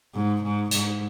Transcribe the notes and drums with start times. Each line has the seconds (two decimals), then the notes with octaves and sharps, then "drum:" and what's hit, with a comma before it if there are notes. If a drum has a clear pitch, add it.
0.14 G#2
0.42 G#2
0.71 G#2, drum: hi-hat